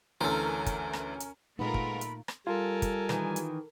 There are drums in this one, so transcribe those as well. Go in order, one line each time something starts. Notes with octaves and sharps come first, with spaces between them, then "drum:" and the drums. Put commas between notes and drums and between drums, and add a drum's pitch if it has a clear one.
D2 E3 C#4 A4 A#4 C5
drum: kick, hi-hat
drum: rim click
drum: hi-hat
A#2 G#3 A3 B3 D#4 F4 A#4 B5
drum: kick
drum: hi-hat
drum: rim click
G3 F4 A4 A#4 G#5
drum: kick, hi-hat
D#3 E3, drum: rim click
drum: hi-hat